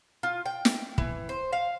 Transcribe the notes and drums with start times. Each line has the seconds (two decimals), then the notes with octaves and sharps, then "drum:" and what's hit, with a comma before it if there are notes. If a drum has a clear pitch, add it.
0.23 F4
0.46 G5
0.65 drum: snare
0.98 E3, drum: kick
1.29 C5
1.52 F5